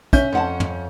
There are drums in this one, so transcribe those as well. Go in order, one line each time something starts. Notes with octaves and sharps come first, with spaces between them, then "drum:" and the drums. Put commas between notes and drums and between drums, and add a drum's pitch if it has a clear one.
C#4 E5 G6, drum: kick, hi-hat
F2 F#5 A5
drum: tom